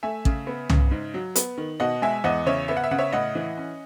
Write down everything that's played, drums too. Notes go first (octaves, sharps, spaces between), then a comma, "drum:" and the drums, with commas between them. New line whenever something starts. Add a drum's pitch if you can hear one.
A3 E5 G#5
C#3, drum: kick
B3
C#3, drum: tom C2
G#2
F#3
B3, drum: hi-hat
D#3
B2 D#5 F#5
G#3 E5 G#5
E2 D#5 F#5
C#3 C#5 E5
B3 E5
F#5
E5
C#3 F#5
C#5 E5
A2 D#5 F#5
E3
C#4